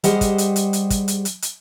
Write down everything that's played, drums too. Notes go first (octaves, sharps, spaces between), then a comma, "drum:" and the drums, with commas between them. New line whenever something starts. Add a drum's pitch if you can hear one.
G3 G4 G#4 C5 D#5 F#5, drum: hi-hat
drum: kick, hi-hat
drum: hi-hat
drum: hi-hat
drum: hi-hat
drum: kick, hi-hat
drum: hi-hat
drum: hi-hat
drum: hi-hat